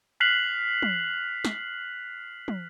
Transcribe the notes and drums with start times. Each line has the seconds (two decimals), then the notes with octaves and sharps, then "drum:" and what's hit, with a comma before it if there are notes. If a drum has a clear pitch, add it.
0.20 F6 F#6 B6 C7 F7 F#7
0.82 drum: tom
1.45 drum: snare
2.48 drum: tom